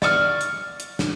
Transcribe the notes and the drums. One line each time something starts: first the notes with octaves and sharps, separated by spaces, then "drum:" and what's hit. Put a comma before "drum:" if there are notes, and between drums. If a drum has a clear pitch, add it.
D5 C#6 D6 F6, drum: snare
drum: hi-hat
drum: hi-hat
drum: snare